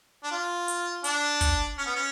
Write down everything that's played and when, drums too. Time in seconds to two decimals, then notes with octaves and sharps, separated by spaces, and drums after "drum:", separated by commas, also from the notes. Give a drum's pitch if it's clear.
0.23 D4
0.31 F4
0.68 drum: hi-hat
1.04 D4, drum: hi-hat
1.41 drum: kick, hi-hat
1.78 C#4
1.86 B3
1.95 C#4